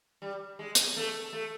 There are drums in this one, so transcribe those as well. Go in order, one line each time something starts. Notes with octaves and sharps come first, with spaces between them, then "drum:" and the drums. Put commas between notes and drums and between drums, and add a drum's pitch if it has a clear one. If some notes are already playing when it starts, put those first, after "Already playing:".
G3
G#3
drum: hi-hat
A3
A3